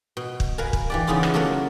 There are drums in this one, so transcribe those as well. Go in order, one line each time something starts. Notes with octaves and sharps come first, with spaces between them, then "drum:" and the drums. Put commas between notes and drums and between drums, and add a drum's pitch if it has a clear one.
B2
drum: kick
A#4 B4 F5 G#5 A#5
drum: kick
E3 G4 D5
C#3 E3 B3 D#4 F4
drum: rim click
F#3 A3 A#3 A4 A#4 F#5